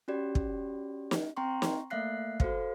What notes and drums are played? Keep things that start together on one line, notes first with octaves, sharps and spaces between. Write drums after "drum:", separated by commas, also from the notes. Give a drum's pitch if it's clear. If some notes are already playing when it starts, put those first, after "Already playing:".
C#4 F#4 G4 D5
drum: kick
drum: snare
C4 G5 A#5 C6 C#6
drum: snare
A3 A#3 E5 F5 F#6 C7
F#4 A4 C5 F5, drum: kick